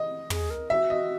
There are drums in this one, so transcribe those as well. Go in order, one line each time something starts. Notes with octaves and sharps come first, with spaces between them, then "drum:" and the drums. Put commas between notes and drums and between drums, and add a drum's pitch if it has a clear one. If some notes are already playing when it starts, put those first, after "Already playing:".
Already playing: D#5
G#4, drum: tom
A#4
F#4 E5
D#5